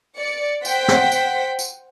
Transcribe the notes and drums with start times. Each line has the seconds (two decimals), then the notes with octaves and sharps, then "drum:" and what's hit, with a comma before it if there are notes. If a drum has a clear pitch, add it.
0.18 D5 C#7
0.65 C5 F#5 G5 B6, drum: tambourine
0.88 drum: snare
1.12 drum: tambourine
1.59 drum: tambourine